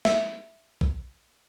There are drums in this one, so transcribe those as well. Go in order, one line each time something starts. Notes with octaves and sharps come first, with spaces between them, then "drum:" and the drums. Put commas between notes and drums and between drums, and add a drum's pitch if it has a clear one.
E5, drum: snare
drum: kick A#1